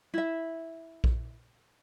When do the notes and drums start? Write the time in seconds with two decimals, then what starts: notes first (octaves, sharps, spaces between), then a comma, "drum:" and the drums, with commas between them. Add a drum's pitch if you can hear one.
0.14 E4 E5
1.04 drum: kick A#1